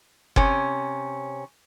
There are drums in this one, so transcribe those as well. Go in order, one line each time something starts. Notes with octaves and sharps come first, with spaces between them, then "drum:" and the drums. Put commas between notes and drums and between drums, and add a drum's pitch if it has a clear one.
C3 C#4, drum: kick F#1